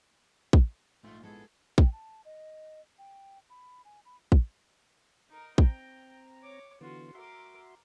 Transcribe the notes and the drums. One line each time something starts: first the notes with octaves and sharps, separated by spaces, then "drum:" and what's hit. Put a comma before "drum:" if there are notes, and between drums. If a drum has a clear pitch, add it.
drum: kick
A#1 G#2 A3 F4
G#3 B3 E4 G#4 A4
G5, drum: kick
A5
D#5
G5
B5
G#5
B5
drum: kick
D#4 A#4
C4 G5 A#5, drum: kick
C#5 D6
D3 E3 B3 F4 F#4
F#4 A#4 E5 C6 D6